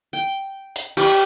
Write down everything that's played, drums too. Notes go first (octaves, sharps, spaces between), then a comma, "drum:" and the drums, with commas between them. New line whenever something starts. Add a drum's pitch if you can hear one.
G5
drum: hi-hat
G4 B5, drum: cymbal